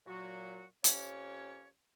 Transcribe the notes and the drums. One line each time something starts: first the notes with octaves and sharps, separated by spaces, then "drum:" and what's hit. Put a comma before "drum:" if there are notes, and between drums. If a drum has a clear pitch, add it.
A#2 F#3 F#4
F2 A#3 C#4 G4 C#5, drum: hi-hat